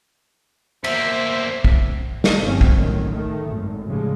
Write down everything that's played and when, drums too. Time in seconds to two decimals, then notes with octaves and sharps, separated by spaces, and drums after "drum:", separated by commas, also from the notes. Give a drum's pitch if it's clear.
0.84 E2 A#3 C5 E5 B6, drum: cymbal
1.64 drum: kick
2.24 drum: snare
2.38 G1 F3 C4 C#4
2.61 drum: kick
2.70 A2 D#3 F#3
3.10 D#3 A3
3.46 G#1 F#2
3.86 A1 G#2 C#3 F3 G3 G#3